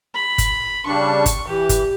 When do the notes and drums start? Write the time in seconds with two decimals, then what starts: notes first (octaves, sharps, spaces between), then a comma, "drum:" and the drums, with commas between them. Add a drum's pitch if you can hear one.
0.15 B5
0.38 drum: kick G1, hi-hat
0.86 C#3 G3 D4 C#6
1.26 drum: kick G1, hi-hat
1.47 E3 G4
1.69 drum: kick G1, hi-hat